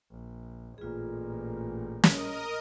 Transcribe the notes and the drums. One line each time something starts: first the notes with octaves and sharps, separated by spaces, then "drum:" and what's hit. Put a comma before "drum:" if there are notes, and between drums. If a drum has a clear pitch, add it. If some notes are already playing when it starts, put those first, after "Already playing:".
A#1
A1 A#2 F4 G#4
A#4 D#5 D#6, drum: snare